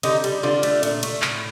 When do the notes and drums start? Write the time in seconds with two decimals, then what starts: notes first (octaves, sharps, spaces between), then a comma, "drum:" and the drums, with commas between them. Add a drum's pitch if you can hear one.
0.03 D3 D#4 G4, drum: cymbal
0.24 G3, drum: cymbal
0.43 D3 D4 F4
0.63 A3, drum: cymbal
0.83 A#2, drum: cymbal
1.03 A3, drum: cymbal
1.22 A2, drum: clap